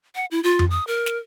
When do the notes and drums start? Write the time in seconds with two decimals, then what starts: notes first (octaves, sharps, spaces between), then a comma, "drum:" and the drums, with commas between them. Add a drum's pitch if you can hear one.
0.15 F#5
0.31 E4
0.43 F4
0.59 drum: tom F2
0.70 D#6
0.87 A#4
1.06 drum: snare